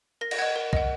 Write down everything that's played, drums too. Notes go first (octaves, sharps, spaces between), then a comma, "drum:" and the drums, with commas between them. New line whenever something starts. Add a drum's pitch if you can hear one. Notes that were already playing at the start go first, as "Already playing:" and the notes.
A#4 A#6
A#6, drum: cymbal
D#5 F#5 G#6
A#4
D#5 F#5, drum: kick B1